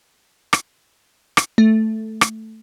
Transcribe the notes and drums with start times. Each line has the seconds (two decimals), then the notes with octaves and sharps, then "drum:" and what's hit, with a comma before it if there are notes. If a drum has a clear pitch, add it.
0.53 drum: rim click
1.37 drum: rim click
1.58 A3
2.21 drum: rim click